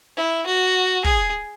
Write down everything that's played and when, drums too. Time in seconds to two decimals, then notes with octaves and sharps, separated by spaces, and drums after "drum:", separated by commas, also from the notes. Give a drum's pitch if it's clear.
0.16 E4
0.46 F#4
1.04 G#4, drum: kick